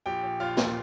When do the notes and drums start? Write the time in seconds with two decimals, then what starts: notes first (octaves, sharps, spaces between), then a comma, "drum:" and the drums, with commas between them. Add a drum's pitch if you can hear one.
0.06 A#1 G4 G5
0.23 A#1
0.40 A#1 F4 F5
0.57 A#2, drum: snare